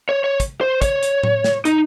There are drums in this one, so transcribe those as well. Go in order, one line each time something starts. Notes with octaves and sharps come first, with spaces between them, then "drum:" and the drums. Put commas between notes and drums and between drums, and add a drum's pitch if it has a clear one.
C#5
C#5
drum: kick, hi-hat
C5
C#5, drum: kick, hi-hat
drum: hi-hat
drum: tom A2
drum: snare
D#4, drum: hi-hat